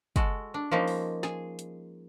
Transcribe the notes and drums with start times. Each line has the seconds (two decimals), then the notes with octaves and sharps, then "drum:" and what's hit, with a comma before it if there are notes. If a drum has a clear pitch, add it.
0.16 G#3 F#4 A4, drum: kick, hi-hat
0.54 D4
0.72 F3 G#3 A#3 C#4 D#4
0.88 drum: open hi-hat
1.23 G#4, drum: snare
1.59 drum: hi-hat